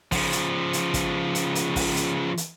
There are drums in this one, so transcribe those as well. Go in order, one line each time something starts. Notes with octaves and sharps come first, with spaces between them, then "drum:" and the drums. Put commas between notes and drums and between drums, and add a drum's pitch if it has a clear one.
C#3 F3, drum: kick, open hi-hat
drum: hi-hat
drum: hi-hat
drum: kick, hi-hat
drum: hi-hat
drum: hi-hat
drum: kick, open hi-hat
drum: hi-hat
drum: hi-hat